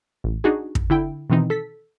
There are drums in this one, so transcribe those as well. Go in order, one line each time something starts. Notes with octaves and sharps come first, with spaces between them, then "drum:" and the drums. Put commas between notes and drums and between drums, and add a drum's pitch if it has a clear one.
A1
D4 D#4 F#4 G#4
drum: kick
D3 E4 G5
B2 D#3 E3 C4 D#4
A4 B6